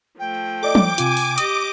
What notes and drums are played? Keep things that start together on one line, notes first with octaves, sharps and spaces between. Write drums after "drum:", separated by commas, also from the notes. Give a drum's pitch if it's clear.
F3 A3 G5
A4 D5 D#5 D6
drum: tom
C3 F4 G#5, drum: hi-hat
drum: open hi-hat
G4 D#5 D#6, drum: hi-hat